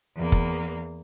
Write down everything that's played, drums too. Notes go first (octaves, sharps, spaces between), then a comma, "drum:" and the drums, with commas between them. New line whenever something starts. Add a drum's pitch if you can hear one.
E2 A#3
drum: kick